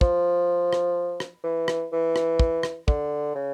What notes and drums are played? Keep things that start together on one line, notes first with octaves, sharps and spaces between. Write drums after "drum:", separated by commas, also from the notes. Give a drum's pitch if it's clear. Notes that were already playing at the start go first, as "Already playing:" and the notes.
F3, drum: kick
drum: rim click
drum: rim click
E3
drum: rim click
E3
drum: rim click
drum: kick
drum: rim click
D3, drum: kick
C#3